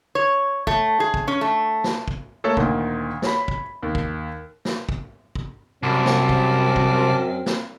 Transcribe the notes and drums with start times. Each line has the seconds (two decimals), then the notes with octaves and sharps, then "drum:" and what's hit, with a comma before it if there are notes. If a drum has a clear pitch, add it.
0.15 C#5
0.67 A3, drum: kick
1.00 G#4
1.14 drum: kick
1.28 C#4
1.41 A3
1.84 drum: snare
2.08 drum: kick
2.44 A3 A#3 A4 C#5
2.57 D2 A#2 D#3, drum: kick
3.22 C#5 B5, drum: snare
3.48 drum: kick
3.83 D#2
3.95 drum: kick
4.65 drum: snare
4.89 drum: kick
5.35 drum: kick
5.83 C2 F#2 C4 A5 D6
6.06 drum: snare
6.29 drum: kick
6.76 drum: kick
7.46 drum: snare